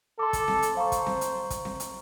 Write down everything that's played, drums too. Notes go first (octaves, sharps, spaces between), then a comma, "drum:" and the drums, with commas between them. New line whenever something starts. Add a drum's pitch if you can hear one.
A4 C6 D6
drum: kick, hi-hat
drum: snare C4
drum: hi-hat
C5 F5 A#5 C#6
drum: kick, hi-hat
drum: snare C4
drum: hi-hat
drum: kick, hi-hat
drum: snare C4
drum: hi-hat